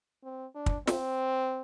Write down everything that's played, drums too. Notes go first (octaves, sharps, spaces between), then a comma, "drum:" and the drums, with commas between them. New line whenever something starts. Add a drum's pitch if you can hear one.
C4
D4
drum: kick
C4, drum: snare